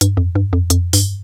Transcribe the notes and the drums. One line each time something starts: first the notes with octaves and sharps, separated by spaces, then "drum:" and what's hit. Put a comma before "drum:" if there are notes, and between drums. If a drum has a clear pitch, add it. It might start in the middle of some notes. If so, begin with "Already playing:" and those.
G2, drum: hi-hat
F2
G2
F2
F2, drum: hi-hat
G2, drum: open hi-hat